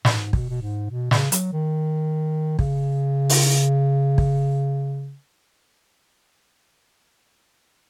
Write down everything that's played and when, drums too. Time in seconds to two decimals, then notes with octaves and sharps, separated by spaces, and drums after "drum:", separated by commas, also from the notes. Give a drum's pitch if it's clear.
0.05 G#2, drum: snare
0.33 B2, drum: kick
0.49 B2
0.61 G#2
0.90 B2
1.11 C#3, drum: snare
1.32 F#3, drum: hi-hat
1.53 D#3
2.59 C#3, drum: kick
3.29 drum: open hi-hat
4.18 drum: kick